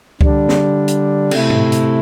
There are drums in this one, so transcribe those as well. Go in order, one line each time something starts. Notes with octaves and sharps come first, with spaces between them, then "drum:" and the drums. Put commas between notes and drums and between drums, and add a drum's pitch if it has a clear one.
D3 G3 D4, drum: kick C#2
drum: snare
drum: hi-hat
C3 A3 E4, drum: cymbal
drum: tom G#2
drum: hi-hat